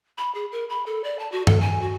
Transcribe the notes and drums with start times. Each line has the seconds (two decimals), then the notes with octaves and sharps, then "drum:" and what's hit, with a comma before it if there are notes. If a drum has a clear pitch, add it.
0.18 B5
0.34 G#4
0.52 A#4
0.70 B5
0.86 A4
1.04 D5
1.19 A5
1.32 F#4
1.47 A4, drum: tom G2
1.61 G#5
1.82 F#4